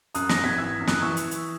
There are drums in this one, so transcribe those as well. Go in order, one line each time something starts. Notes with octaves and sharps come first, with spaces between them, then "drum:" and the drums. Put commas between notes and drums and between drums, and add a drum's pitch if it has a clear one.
F#2 D#6 F#6, drum: hi-hat
F#6 A#6, drum: snare
G#1
G#6 B6
E3 E6 G#6
F#2
D#6 F#6, drum: snare
E3 C#6 E6
drum: hi-hat
drum: hi-hat